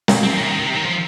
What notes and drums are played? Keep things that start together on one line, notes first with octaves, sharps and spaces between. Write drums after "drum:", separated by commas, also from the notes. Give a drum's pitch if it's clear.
drum: snare
C4
F3
D#3
C3
D#3
D#3
C3
D#3
F3